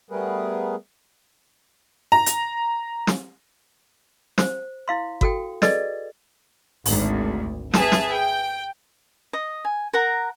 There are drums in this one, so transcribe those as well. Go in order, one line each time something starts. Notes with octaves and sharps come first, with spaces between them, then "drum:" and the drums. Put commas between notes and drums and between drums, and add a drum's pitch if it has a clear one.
G3 A3 B3 G#4 A#4 B4
A#5
drum: hi-hat
drum: snare
C5, drum: snare
E4 F5 C6
F#4 A4 G5, drum: kick G1
G#4 A4 B4 D5 D#5, drum: snare
G#1 D2, drum: open hi-hat
G#4 B4 E5 A5, drum: snare
drum: snare
G5
D#5
G#5
A#4 F#5 A#5